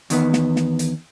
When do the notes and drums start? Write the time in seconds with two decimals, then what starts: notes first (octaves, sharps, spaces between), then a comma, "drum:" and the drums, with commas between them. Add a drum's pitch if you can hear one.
0.10 E2 D#3 B3, drum: hi-hat
0.33 drum: snare
0.56 drum: snare
0.79 drum: hi-hat